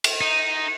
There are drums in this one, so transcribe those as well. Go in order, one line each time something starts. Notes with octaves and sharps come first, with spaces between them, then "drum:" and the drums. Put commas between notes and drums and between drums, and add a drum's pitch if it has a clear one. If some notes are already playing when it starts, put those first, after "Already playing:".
drum: cymbal
D#4